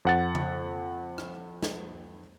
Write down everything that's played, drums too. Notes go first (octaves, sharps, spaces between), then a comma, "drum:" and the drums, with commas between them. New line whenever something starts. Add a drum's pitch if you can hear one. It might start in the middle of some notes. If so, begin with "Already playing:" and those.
F2 F#5 A6
drum: tom C#3
drum: rim click
drum: snare